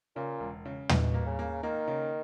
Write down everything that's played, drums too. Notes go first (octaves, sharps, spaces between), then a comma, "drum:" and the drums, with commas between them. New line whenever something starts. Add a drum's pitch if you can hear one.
A#2 C#3
E1
C#3
G2 B2, drum: tom
A#3
C#3
A#3
D#3 A#3
C#3